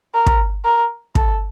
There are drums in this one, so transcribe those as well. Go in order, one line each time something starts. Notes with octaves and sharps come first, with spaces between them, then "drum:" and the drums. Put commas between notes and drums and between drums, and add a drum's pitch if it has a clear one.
A#4
drum: kick
A#4
A4, drum: kick